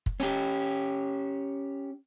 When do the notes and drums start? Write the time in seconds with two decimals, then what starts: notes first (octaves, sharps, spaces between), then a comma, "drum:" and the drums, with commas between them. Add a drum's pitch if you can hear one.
0.06 drum: kick
0.20 C#4 G4, drum: hi-hat